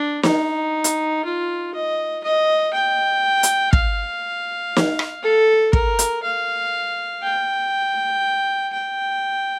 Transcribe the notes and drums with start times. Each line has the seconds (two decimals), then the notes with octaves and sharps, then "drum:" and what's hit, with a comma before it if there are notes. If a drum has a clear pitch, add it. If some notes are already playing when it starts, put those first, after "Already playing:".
Already playing: D4
0.23 D#4, drum: snare
0.84 drum: hi-hat
1.24 F4
1.74 D#5
2.23 D#5
2.73 G5
3.43 drum: hi-hat
3.73 F5, drum: kick
4.76 drum: snare
4.99 drum: rim click
5.23 A4
5.73 A#4, drum: kick
5.99 drum: hi-hat
6.23 F5
7.22 G5
8.73 G5